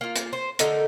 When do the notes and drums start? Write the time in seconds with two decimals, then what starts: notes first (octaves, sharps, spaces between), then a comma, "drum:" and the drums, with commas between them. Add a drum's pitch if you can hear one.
0.01 A#3 F4
0.16 drum: hi-hat
0.33 C5
0.59 D3 A3 D#4 A#4, drum: hi-hat